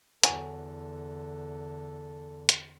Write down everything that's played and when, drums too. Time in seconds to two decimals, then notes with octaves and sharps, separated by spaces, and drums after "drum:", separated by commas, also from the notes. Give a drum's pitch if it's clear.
0.23 E2 D3 E3 F#3 A4 G#5, drum: hi-hat
2.49 drum: hi-hat